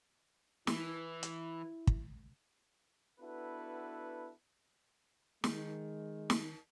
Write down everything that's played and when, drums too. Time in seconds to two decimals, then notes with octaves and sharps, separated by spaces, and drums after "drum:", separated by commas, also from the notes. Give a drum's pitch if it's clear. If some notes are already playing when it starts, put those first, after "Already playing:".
0.67 E3 E4, drum: snare
1.23 drum: hi-hat
1.87 drum: kick
3.20 B3 D4 E4 F#4 A4 B4
5.44 D#3 G#3, drum: snare
6.30 drum: snare